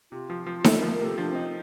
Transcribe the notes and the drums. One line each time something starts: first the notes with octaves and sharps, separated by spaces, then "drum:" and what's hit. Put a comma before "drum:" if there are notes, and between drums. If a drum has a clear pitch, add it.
C3 F4
F3
F3
A3 A4, drum: snare D#4
A#4
F3
A#4
C3 A4
F3 D4
C4 D#4